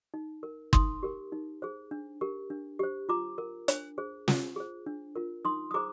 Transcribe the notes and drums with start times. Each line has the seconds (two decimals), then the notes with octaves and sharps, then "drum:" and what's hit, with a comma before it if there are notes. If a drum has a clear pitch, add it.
0.14 D#4
0.43 A#4
0.73 D#4 C6 D#6, drum: kick
1.03 G4 A#4
1.32 D#4
1.62 G#4 C5
1.91 D4
2.21 G4 A#4
2.50 D4
2.79 G4 C5
3.09 F4 A#5 D6
3.38 A#4
3.68 D4, drum: hi-hat
3.98 G#4 C5
4.28 F4, drum: snare
4.56 G#4 C5
4.86 D4
5.16 F4 A#4
5.45 D#4 C6 D#6
5.71 D#6
5.74 G#4 C5 A#5 D6